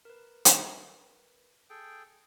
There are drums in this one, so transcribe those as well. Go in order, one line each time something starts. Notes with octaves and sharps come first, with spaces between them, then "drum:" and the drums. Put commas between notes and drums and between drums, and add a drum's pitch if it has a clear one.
A#4 B4
drum: hi-hat
G#4 A4 G5